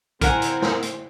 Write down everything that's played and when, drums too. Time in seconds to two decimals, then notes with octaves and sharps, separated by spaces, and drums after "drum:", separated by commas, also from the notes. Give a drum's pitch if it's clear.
0.21 C4 E4 A#4 F#5 G#5, drum: kick, hi-hat
0.42 drum: hi-hat
0.62 drum: snare
0.82 drum: hi-hat